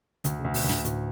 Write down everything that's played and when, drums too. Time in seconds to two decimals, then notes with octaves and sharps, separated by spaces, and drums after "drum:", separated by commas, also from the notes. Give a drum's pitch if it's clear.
0.24 D2 D3, drum: hi-hat
0.39 C#3
0.45 D2
0.54 B2, drum: open hi-hat
0.64 D2
0.69 A2, drum: snare
0.84 D2 A2, drum: hi-hat